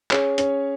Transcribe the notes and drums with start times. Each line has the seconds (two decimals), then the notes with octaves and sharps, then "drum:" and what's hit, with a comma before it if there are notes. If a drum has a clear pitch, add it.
0.11 C#4 G#4 C#5, drum: clap
0.38 C#4, drum: hi-hat